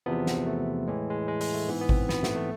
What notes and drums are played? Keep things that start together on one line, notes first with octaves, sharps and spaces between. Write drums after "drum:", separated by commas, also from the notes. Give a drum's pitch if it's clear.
E2 C3 F3 B3
drum: snare
A3
A2 E3 G#3
G#3
G#3
G#3, drum: open hi-hat
A3
G#2 E3 B3
B3
C4, drum: kick G#1
B3, drum: snare
A3, drum: snare
A3